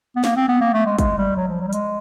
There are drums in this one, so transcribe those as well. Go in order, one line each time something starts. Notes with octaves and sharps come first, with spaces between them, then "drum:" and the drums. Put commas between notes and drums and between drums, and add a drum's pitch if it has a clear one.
B3
A#3, drum: snare
C4
B3
A#3
A3
G#3
G#3, drum: kick, hi-hat
G3
F#3
F3
F#3
G3
G#3, drum: hi-hat